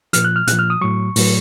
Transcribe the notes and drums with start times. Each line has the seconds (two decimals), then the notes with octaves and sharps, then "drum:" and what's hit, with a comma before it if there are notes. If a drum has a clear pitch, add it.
0.13 A#2 F3 F6, drum: hi-hat
0.24 F#6
0.36 F6
0.47 A#2 F3 F#6, drum: hi-hat
0.59 F6
0.70 D#6
0.81 A2 F#3 C#6
1.16 A2 F#3, drum: open hi-hat